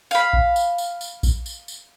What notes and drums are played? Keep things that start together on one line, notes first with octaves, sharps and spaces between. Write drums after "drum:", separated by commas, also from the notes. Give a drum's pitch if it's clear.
F5 B5, drum: tambourine
drum: kick A#1
drum: tambourine
drum: tambourine
drum: tambourine
drum: kick A#1, tambourine
drum: tambourine
drum: tambourine